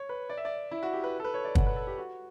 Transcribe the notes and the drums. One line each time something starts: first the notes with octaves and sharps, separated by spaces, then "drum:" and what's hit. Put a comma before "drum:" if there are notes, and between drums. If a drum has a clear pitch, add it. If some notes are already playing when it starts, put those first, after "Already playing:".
Already playing: C#5
B4
D5
E5
D5
E4
F#4
G4
B4
A4
B4
C#5
D5
F#5, drum: kick
B4
A4
G4
F#4